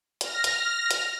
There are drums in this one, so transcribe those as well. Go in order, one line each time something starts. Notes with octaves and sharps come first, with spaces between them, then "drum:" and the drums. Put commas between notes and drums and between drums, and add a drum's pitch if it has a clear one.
F6 A#6, drum: hi-hat
drum: hi-hat
drum: hi-hat